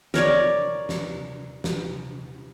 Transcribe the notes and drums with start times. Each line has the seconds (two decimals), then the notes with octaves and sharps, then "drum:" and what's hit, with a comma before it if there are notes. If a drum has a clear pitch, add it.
0.14 A#4 C#5 D5, drum: snare
0.89 drum: snare
1.64 drum: snare